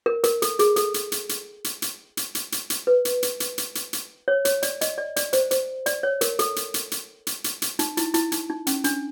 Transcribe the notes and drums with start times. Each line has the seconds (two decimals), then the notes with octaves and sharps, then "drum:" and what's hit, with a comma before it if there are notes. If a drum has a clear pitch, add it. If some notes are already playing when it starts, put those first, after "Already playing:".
0.06 A#4
0.24 A#4, drum: hi-hat
0.42 A4, drum: hi-hat
0.59 G#4, drum: hi-hat
0.76 A4, drum: hi-hat
0.94 drum: hi-hat
1.12 drum: hi-hat
1.29 drum: hi-hat
1.64 drum: hi-hat
1.82 drum: hi-hat
2.17 drum: hi-hat
2.35 drum: hi-hat
2.52 drum: hi-hat
2.70 drum: hi-hat
2.87 B4
3.05 drum: hi-hat
3.23 drum: hi-hat
3.40 drum: hi-hat
3.58 drum: hi-hat
3.75 drum: hi-hat
3.93 drum: hi-hat
4.28 C#5
4.45 C#5, drum: hi-hat
4.63 D5, drum: hi-hat
4.81 D#5, drum: hi-hat
4.98 D5
5.16 D5, drum: hi-hat
5.33 C5, drum: hi-hat
5.51 C5, drum: hi-hat
5.86 D5, drum: hi-hat
6.03 C#5
6.21 A#4, drum: hi-hat
6.39 A4, drum: hi-hat
6.56 drum: hi-hat
6.74 drum: hi-hat
6.91 drum: hi-hat
7.27 drum: hi-hat
7.44 drum: hi-hat
7.62 drum: hi-hat
7.79 D#4, drum: hi-hat
7.97 E4, drum: hi-hat
8.14 E4, drum: hi-hat
8.32 D#4, drum: hi-hat
8.50 D#4
8.67 C#4, drum: hi-hat
8.84 D4, drum: hi-hat